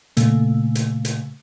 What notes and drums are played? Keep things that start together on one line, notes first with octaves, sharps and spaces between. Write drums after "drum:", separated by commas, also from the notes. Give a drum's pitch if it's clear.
A#2 C#3 A3, drum: hi-hat
drum: hi-hat
drum: hi-hat